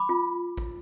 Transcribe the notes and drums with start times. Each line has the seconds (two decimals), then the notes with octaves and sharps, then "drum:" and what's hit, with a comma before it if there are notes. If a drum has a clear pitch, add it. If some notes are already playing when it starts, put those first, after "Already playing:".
Already playing: B5 D6
0.09 F4
0.57 drum: kick